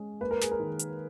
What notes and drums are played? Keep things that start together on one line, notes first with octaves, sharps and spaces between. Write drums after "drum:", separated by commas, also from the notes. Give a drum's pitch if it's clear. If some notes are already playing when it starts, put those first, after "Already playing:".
Already playing: G#3 C#4
A#3 B4
A#4
G#4, drum: snare
A#4
D#3
drum: hi-hat